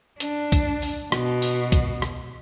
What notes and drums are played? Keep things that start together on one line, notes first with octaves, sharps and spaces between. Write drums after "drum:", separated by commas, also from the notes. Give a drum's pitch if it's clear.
D4, drum: hi-hat
drum: kick, hi-hat
drum: open hi-hat
B2, drum: rim click
drum: open hi-hat
drum: kick, hi-hat
drum: rim click